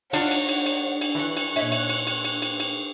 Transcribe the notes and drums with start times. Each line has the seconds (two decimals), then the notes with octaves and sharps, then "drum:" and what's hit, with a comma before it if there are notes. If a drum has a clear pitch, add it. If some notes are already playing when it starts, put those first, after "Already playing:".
0.13 D4 D#4 F4 C#5 F#5, drum: cymbal
0.31 drum: cymbal
0.49 drum: cymbal
0.66 drum: cymbal
1.01 drum: cymbal
1.15 E3 C#6 F#6
1.37 drum: cymbal
1.56 A#2 C#5 D#5 E5, drum: cymbal
1.72 drum: cymbal
1.89 drum: cymbal
2.07 drum: cymbal
2.25 drum: cymbal
2.42 drum: cymbal
2.60 drum: cymbal